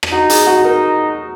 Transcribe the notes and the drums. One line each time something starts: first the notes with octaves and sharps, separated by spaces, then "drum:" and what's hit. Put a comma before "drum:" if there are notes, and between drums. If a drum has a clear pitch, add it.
drum: rim click
D#4 F#4
G#4, drum: hi-hat
F#4
D#4 A#4